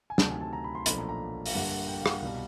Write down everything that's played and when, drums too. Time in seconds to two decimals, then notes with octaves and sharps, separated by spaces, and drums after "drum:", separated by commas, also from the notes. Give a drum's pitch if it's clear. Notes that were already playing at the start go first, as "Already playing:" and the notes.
0.10 G#5
0.18 D2 C3 D#3 F#3 A5, drum: snare
0.30 G#5
0.41 A5
0.53 A#5
0.64 B5
0.75 C6
0.86 B1 A#2 F3 A3 D4 B5, drum: hi-hat
0.98 A#5
1.09 A#5
1.46 F5, drum: open hi-hat
1.54 G2 D3 G3 A#3 F#5
1.71 F#5
1.88 G5
2.01 F5
2.06 F#5, drum: rim click
2.22 C2 B2 G3 F5